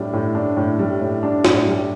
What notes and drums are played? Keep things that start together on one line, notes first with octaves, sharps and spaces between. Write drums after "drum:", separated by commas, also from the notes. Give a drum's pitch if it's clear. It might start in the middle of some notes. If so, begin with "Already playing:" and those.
Already playing: A2 G3 D4
A2
D4
A2
G3
A2
D4
A2, drum: snare
G3